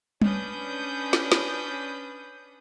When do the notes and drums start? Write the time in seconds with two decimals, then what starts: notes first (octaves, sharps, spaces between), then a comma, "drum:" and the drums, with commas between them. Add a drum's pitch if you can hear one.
0.22 C#4 D4 B4 D#6 G6, drum: tom G3
1.13 drum: snare
1.32 drum: snare